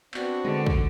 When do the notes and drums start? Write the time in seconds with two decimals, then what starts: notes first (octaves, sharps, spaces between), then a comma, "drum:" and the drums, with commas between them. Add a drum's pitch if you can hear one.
0.14 B3 C4 D4 F#4, drum: clap
0.45 D3 G#3
0.66 drum: kick